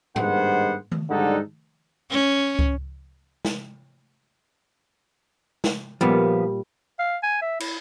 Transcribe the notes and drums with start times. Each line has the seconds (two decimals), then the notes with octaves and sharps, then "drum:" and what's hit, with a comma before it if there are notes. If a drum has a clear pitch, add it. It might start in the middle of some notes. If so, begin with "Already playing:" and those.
0.16 G2 D#3 G#3 B3 C5 F#5, drum: tom
0.92 drum: tom D#3
1.09 G#2 D3 G3 D#4 A4 F#5
2.11 C#4
2.59 drum: kick C#2
3.45 drum: snare
5.64 drum: snare
6.01 A#2 F3 G3 B3
6.99 F5
7.23 G#5
7.42 E5
7.60 E4, drum: cymbal